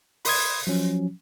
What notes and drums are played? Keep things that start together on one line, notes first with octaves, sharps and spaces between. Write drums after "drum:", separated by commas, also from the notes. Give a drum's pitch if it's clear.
B5 C6 D#6 G#6, drum: open hi-hat
F3 F#3 C#4